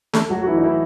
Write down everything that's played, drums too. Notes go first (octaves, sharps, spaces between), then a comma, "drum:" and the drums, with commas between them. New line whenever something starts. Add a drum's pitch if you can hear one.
A3 A4, drum: snare
F#3 F#4
F#4
E3 E4
D#4
E3 E4